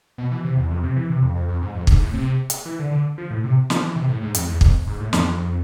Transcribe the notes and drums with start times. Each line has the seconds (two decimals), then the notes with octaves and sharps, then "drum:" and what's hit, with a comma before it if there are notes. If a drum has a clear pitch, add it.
0.18 B2
0.31 E3
0.44 C3
0.57 E2
0.71 F2
0.83 C3
0.96 E3
1.09 C3
1.22 F2
1.35 F2
1.48 F2
1.62 G#2
1.74 F2
1.87 G#2, drum: kick
2.00 A2
2.13 C3
2.50 drum: hi-hat
2.65 E3
2.79 D3
2.91 D3
3.18 F3
3.30 A2
3.44 C3
3.70 F3, drum: snare
3.83 E3
3.96 C3
4.09 A2
4.22 G#2
4.35 F2, drum: hi-hat
4.49 E2
4.61 F2, drum: kick
4.87 G#2
5.00 A2
5.13 F2, drum: snare